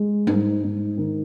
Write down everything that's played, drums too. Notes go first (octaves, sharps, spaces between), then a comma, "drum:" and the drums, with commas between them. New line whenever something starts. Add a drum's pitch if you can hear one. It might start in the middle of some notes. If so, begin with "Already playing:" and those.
Already playing: G#3
G#2, drum: tom G3
G#2
D#3